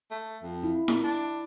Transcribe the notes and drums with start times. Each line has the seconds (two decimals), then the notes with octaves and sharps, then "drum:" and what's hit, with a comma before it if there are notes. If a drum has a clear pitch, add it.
0.11 A3
0.42 F2
0.63 E4
0.88 A#2, drum: snare E4
1.03 D4